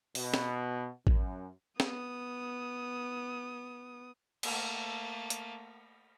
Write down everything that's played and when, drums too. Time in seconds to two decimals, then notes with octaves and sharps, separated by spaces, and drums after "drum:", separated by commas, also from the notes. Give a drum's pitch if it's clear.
0.15 B2, drum: open hi-hat
0.34 drum: snare
1.07 F#2, drum: kick A1
1.80 B3 D#6, drum: snare
4.43 A3 A#3, drum: cymbal
5.30 drum: hi-hat